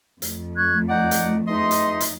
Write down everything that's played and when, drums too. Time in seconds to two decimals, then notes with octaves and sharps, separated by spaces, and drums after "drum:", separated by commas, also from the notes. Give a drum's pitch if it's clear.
0.22 F2 A3, drum: hi-hat
0.57 C#6 F#6 G#6
0.89 D#4 D5 F#5 G6
1.11 drum: hi-hat
1.48 E2 D#4 D#5 E5 C6
1.71 drum: hi-hat
2.00 drum: hi-hat